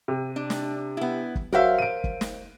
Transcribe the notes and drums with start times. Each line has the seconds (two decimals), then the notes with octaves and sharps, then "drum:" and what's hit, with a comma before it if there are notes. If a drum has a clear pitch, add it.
0.08 C3
0.36 D4
0.50 drum: snare
0.97 B3 E4
1.35 drum: kick
1.53 F#3 F#4 A#4 C5 E5 F5
1.79 D7 D#7
2.04 drum: kick
2.21 drum: snare